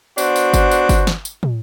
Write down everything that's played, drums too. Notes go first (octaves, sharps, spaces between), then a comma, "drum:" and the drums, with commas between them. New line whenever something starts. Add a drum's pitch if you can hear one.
B3 D4 F#4 C5, drum: tambourine
drum: tambourine
drum: kick G1, tambourine
drum: tambourine
drum: kick G1, tambourine
drum: snare
drum: tambourine
drum: tom